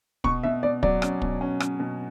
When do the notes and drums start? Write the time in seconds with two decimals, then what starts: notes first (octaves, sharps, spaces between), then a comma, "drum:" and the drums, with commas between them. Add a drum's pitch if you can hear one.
0.24 B2 C#6, drum: kick
0.43 B2 E5
0.63 B2 D5
0.83 F#3 D5, drum: kick
1.02 C#4, drum: rim click
1.22 B2, drum: kick
1.41 C#4
1.60 C#4, drum: rim click
1.80 B2